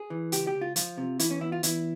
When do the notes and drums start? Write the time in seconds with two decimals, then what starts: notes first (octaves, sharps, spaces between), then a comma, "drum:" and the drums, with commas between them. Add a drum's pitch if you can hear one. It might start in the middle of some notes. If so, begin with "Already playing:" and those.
Already playing: G#4
0.10 E3
0.32 C#2 G4, drum: hi-hat
0.47 G4
0.54 C#2
0.61 F4
0.76 F3 F4, drum: hi-hat
0.98 C3
1.19 E3 E4, drum: hi-hat
1.31 C#4
1.41 E2 E4
1.52 F4
1.63 E2 E4, drum: hi-hat